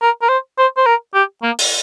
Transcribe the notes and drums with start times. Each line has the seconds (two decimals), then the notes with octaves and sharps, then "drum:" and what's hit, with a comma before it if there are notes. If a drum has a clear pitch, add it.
0.02 A#4
0.22 A#4
0.29 C5
0.58 C5
0.77 C5
0.86 A#4
1.14 G4
1.43 A#3
1.59 drum: open hi-hat